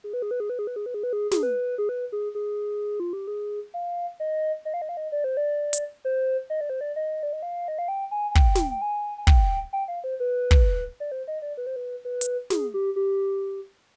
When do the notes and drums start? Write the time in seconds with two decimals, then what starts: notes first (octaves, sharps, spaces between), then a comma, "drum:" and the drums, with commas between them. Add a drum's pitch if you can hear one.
0.04 G#4
0.13 B4
0.22 G#4
0.31 B4
0.40 G#4
0.50 B4
0.59 G#4
0.67 B4
0.76 G#4
0.86 B4
0.94 G#4
1.03 B4
1.13 G#4
1.31 G#4, drum: snare
1.43 B4
1.78 G#4
1.89 B4
2.12 G#4
2.35 G#4
3.00 F4
3.13 G4
3.27 G#4
3.74 F5
4.20 D#5
4.65 D#5
4.74 F5
4.82 D#5
4.89 F5
4.97 D#5
5.12 D5
5.24 C5
5.37 D5
5.73 drum: hi-hat
6.05 C5
6.50 D#5
6.61 D5
6.70 C5
6.81 D5
6.96 D#5
7.23 D5
7.33 D#5
7.43 F5
7.68 D#5
7.79 F5
7.88 G5
8.11 G#5
8.31 G#5
8.35 G5, drum: kick
8.55 drum: snare
8.71 G5
8.82 G#5
9.18 G#5
9.27 G5, drum: kick
9.73 G5
9.88 F5
10.04 C5
10.20 B4
10.51 drum: kick
11.00 D5
11.12 C5
11.28 D#5
11.42 D5
11.57 B4
11.67 C5
11.76 B4
12.05 B4
12.21 drum: hi-hat
12.50 G#4, drum: snare
12.74 G4
12.96 G4